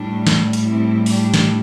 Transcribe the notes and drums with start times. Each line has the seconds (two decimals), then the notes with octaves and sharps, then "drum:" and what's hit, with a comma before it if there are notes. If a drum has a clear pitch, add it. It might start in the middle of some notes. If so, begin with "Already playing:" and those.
Already playing: A2 G3 A3 D4
0.27 drum: snare
0.53 drum: hi-hat
0.66 C4 E4
1.06 D4 G4, drum: open hi-hat
1.34 drum: snare